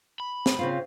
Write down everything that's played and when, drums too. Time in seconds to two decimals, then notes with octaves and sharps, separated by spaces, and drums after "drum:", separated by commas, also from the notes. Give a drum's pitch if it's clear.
0.20 B5
0.46 drum: snare
0.59 C#3 C4 F4